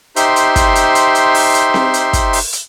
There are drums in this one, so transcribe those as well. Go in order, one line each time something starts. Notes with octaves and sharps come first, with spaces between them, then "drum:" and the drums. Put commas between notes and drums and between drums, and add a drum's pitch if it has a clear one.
D#4 G4 C5 E5 C6, drum: hi-hat
drum: hi-hat
drum: kick, hi-hat
drum: hi-hat
drum: hi-hat
drum: hi-hat
drum: open hi-hat
drum: hi-hat
drum: snare C4
drum: hi-hat
drum: kick, hi-hat
drum: open hi-hat
drum: hi-hat